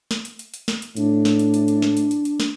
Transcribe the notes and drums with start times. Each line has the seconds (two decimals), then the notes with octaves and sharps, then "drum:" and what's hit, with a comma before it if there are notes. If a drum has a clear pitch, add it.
0.11 drum: snare
0.25 drum: hi-hat
0.39 drum: hi-hat
0.54 drum: hi-hat
0.68 drum: snare
0.82 drum: hi-hat
0.97 A2 D4, drum: hi-hat
1.25 drum: snare
1.39 drum: hi-hat
1.54 drum: hi-hat
1.68 drum: hi-hat
1.82 drum: snare
1.97 drum: hi-hat
2.11 drum: hi-hat
2.25 drum: hi-hat
2.40 drum: snare